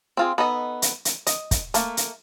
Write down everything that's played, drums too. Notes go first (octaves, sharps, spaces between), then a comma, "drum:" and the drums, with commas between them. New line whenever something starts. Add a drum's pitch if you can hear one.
C4 F4 G#4
B3 D#4 A4 D#5
drum: hi-hat
drum: hi-hat
D#5, drum: hi-hat
drum: kick, hi-hat
A3 A#3, drum: hi-hat
drum: hi-hat